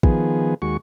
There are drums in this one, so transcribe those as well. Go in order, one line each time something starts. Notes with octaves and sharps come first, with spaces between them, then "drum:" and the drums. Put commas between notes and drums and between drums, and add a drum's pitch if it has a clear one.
D#3 F3 B3 G#4, drum: kick
D#2 G#3 F#4 C#6